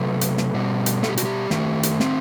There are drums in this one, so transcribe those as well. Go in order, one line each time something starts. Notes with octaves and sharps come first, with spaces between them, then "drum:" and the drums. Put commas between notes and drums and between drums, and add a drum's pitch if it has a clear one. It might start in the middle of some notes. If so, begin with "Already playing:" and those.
Already playing: C3 F#3 A3 B4
drum: hi-hat
drum: snare
B2 G3
drum: hi-hat
A4, drum: snare
G4
F#4, drum: hi-hat
G4
D#3 A3, drum: snare
drum: hi-hat
C4, drum: snare